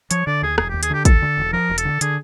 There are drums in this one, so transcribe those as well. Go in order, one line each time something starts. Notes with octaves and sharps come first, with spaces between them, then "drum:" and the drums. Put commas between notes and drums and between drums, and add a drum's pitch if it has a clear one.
F3 C#5, drum: hi-hat
D3 D5
D#2 G#4
E1 G#4, drum: rim click
D#2 G4
G#4, drum: hi-hat
D3 G4
D#2 A4, drum: kick, hi-hat
D3
E1
F3 A#4
E1
A4, drum: hi-hat
D3
D3 G#4, drum: hi-hat